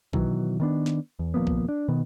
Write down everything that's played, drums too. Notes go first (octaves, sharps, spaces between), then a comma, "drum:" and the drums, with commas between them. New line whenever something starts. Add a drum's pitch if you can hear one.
B2 D#3 E3 F#3, drum: kick B1
D#3 B3 D4
drum: snare
E2
D#1 F3 A#3 B3
drum: kick B1
D4
B2 D#3 B3